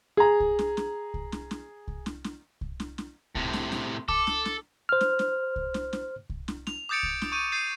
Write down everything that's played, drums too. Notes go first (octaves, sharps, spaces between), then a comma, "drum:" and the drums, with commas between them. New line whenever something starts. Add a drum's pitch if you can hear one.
G#4 A#5
drum: kick C2
drum: snare
drum: snare
drum: kick C2
drum: snare
drum: snare
drum: kick C2
drum: snare
drum: snare
drum: kick C2
drum: snare
drum: snare
A2 C3, drum: kick C2
drum: snare
drum: snare
A4 D6, drum: kick C2
drum: snare
drum: snare
C5 F6
drum: snare
drum: snare
drum: kick C2
drum: snare
drum: snare
drum: kick C2
drum: snare
F7, drum: snare
D6 D#6 G6 A6 C#7 D7
drum: kick C2
drum: snare
C#6 G6 D#7
G6 A6 C7 C#7 D#7